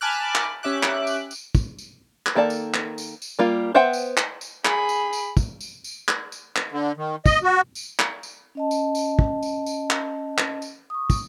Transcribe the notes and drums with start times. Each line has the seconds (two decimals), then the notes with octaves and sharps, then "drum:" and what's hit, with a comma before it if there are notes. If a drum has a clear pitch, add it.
0.01 G#5 A5 B5 D6 F6 F#6
0.35 drum: clap
0.63 C#4 G4 E5 D6 F#6
0.83 drum: clap
1.07 drum: tambourine
1.31 drum: tambourine
1.55 drum: kick, tambourine
1.78 drum: tambourine
2.26 drum: clap
2.35 D#3 A#3 A4 D5 A5
2.50 drum: tambourine
2.74 drum: clap
2.98 drum: tambourine
3.22 drum: tambourine
3.39 G3 A#3 F4
3.75 B3 C5 E5 F#5 G5
3.93 drum: tambourine
4.17 drum: clap
4.41 drum: tambourine
4.65 G#4 B5, drum: clap
4.89 drum: tambourine
5.13 drum: tambourine
5.37 drum: kick, tambourine
5.61 drum: tambourine
5.84 drum: tambourine
6.08 drum: clap
6.32 drum: tambourine
6.56 drum: clap
6.72 D3
6.97 D#3
7.26 D#5, drum: kick, tambourine
7.43 F#4
7.75 drum: tambourine
7.99 drum: clap
8.23 drum: tambourine
8.55 C#4 D#5 A5
8.71 drum: tambourine
8.95 drum: tambourine
9.19 drum: kick
9.43 drum: tambourine
9.66 drum: tambourine
9.90 drum: clap
10.38 drum: clap
10.62 drum: tambourine
10.90 C#6 D#6
11.10 drum: kick, tambourine